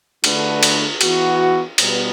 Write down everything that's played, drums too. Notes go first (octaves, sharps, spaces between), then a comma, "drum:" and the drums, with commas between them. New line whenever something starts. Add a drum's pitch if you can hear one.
D3 A3 D4 F#4 B4, drum: cymbal
drum: cymbal
E3 B3 F#4, drum: cymbal
B2 G3 B3, drum: cymbal